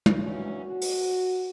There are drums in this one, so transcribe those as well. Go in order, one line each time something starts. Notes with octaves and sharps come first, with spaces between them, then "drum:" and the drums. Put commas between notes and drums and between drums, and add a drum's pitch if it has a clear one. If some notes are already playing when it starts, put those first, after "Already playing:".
drum: tom
E3 A#3 C#4 D4 F#4
F#4
drum: open hi-hat